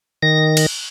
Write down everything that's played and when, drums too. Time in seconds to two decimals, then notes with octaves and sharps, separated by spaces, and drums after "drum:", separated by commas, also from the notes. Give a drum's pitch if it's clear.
0.23 D#3 A#6
0.57 drum: cymbal